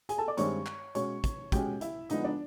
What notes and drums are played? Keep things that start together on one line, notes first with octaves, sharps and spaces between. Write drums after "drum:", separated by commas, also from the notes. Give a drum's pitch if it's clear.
G#4 G#5, drum: hi-hat
A4 A5
D5 D6
G2 D#3 G#3 C4 D#4 C#5 C#6, drum: hi-hat
drum: clap
B2 G#3 C#4 C#5 C#6, drum: hi-hat
drum: kick, hi-hat
B2 G#3 C#4 G4 G5, drum: kick, hi-hat
E4 E5, drum: hi-hat
D3 F3 G#3 B3 D#4 D#5, drum: hi-hat
D4 D5